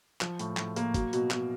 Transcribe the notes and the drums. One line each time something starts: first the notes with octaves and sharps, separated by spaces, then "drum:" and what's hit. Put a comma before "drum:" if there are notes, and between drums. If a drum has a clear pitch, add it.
F3, drum: clap
A2, drum: hi-hat
A2, drum: clap
A#3, drum: hi-hat
F#3, drum: kick, hi-hat
B2, drum: hi-hat
B2, drum: clap